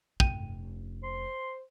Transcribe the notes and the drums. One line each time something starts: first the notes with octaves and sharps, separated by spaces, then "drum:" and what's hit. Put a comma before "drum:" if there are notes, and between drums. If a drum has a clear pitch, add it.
F1 C#4 G5 D#7, drum: kick
C5 C6